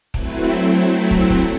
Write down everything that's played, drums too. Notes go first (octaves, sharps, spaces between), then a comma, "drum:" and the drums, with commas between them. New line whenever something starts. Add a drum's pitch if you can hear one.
F#3 A3 C4 E4 B4, drum: kick, hi-hat
B4
drum: kick
drum: kick, hi-hat